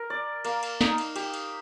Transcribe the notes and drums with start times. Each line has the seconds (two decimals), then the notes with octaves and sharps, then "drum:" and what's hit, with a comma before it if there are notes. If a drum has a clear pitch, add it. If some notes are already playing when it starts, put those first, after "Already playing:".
Already playing: A#4
0.10 D5
0.45 A#3, drum: cymbal
0.63 drum: cymbal
0.81 D#4, drum: snare
0.98 drum: cymbal
1.16 G4, drum: cymbal
1.34 drum: cymbal